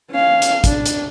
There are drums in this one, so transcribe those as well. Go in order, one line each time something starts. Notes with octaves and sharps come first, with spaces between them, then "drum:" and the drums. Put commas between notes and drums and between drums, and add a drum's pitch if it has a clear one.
C#4 F5
drum: hi-hat
D4, drum: kick, hi-hat
drum: hi-hat